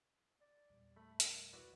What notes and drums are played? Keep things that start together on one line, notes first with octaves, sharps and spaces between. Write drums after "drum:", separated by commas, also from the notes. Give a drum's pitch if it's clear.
D5
E2 A#2 G3
A3 B5
A#4, drum: hi-hat
E4 F#4 B4 D5